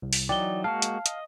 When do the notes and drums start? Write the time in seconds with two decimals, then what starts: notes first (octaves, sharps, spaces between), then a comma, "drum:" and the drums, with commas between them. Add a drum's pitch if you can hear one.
0.02 C2
0.13 drum: open hi-hat
0.29 E3 F#3 D#4 D5 G5 G7
0.64 G#3 A#3 F#4 F5 A5
0.82 drum: hi-hat
1.06 D#5, drum: hi-hat